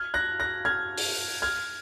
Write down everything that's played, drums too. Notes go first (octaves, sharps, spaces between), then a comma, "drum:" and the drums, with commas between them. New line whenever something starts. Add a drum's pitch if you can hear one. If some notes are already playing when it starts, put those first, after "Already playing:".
Already playing: F6 G#6
F#6 A#6
F#6 A#6
F6 G#6
drum: open hi-hat
F6 G#6